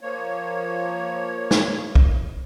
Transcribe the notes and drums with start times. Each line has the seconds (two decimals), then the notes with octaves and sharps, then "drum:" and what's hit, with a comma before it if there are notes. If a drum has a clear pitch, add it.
0.01 F3 A#3 C#5
1.51 drum: snare
1.95 drum: kick